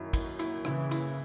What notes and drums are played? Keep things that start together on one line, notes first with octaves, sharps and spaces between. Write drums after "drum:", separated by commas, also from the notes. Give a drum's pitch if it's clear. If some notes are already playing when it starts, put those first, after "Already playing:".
Already playing: F#2 D#3 E4
E4, drum: kick, cymbal
E4, drum: cymbal
C#3 E3 E4, drum: rim click
E4, drum: cymbal